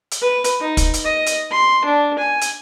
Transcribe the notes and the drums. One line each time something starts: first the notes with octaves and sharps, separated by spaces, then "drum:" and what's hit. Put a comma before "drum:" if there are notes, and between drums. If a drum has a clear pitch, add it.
drum: hi-hat
B4
drum: hi-hat
D#4
drum: kick, hi-hat
drum: hi-hat
D#5
drum: hi-hat
C6
D4
G#5
drum: hi-hat